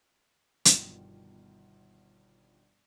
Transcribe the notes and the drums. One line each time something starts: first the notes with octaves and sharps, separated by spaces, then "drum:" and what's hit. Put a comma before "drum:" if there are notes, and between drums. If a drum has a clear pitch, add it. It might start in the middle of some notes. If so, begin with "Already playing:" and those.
G1 G2 B2 D#3 F3, drum: hi-hat